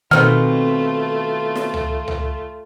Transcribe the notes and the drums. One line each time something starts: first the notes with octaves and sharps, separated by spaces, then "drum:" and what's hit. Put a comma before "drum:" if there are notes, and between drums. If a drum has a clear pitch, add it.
B2 D#3 A3 C4 D#4 F4 F6
drum: snare
drum: tom C#2
drum: tom C#2